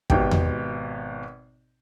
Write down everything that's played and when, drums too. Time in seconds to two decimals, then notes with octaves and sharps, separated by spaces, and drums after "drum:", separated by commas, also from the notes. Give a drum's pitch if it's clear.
0.10 G#1 B2 G4 G5, drum: kick
0.31 drum: tom E2